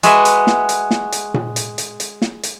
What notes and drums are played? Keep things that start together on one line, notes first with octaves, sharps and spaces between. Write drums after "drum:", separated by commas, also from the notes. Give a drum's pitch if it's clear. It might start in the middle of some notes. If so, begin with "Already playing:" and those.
G#3 F#4 G#4 B4 E5, drum: hi-hat
drum: hi-hat
drum: snare
drum: hi-hat
drum: snare
drum: hi-hat
drum: tom A#2
drum: hi-hat
drum: hi-hat
drum: hi-hat
drum: snare
drum: hi-hat